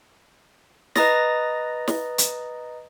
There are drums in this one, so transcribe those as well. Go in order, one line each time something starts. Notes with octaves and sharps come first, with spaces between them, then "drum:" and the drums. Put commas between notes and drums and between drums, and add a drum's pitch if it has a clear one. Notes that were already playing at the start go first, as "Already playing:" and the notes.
B4 D#5 A#5 D#6 A6 A#6, drum: snare
drum: snare
drum: hi-hat